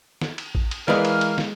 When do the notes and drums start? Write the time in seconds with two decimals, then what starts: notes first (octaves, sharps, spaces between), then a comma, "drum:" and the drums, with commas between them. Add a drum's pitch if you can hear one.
0.21 drum: snare
0.38 drum: cymbal
0.55 drum: kick A1
0.71 drum: cymbal
0.88 E3 G#3 A#4 B4 D5 F5, drum: snare
1.05 drum: cymbal
1.21 drum: cymbal
1.38 drum: snare